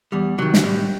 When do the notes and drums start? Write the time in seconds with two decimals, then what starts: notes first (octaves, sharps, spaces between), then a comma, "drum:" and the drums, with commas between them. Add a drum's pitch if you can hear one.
0.12 E2 G3
0.38 C3 D#3 F#3
0.54 drum: snare
0.63 A2 G3